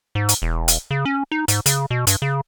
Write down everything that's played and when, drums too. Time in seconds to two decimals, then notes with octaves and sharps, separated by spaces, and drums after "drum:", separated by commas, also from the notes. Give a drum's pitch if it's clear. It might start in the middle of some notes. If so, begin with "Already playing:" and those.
0.15 G#2
0.29 drum: hi-hat
0.42 E1
0.68 drum: hi-hat
0.91 C#3
1.05 C#4
1.32 D#4
1.48 G#2, drum: hi-hat
1.66 C#3, drum: hi-hat
1.91 B2
2.07 G2, drum: hi-hat
2.22 C#3